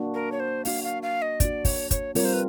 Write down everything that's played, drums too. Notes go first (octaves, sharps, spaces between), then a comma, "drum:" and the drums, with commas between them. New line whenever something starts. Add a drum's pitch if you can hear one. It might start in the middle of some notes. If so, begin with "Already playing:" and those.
Already playing: A#3 D4 F#4
A#4
C#5
C5
A#3 D4 F#4 F5, drum: open hi-hat
F5
F5
D#5
A#3 D4 F#4 D5, drum: kick, hi-hat
C#5, drum: kick, open hi-hat
C#5, drum: kick, hi-hat
G3 C4 F4 A#4 C#5, drum: open hi-hat
C5
B4